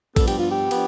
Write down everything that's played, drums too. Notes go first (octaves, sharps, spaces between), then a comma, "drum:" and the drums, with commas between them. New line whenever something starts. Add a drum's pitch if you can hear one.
G2 F3 B3 D4 A4, drum: kick, cymbal
G4, drum: cymbal
F4
G4
F3 B3 D4, drum: cymbal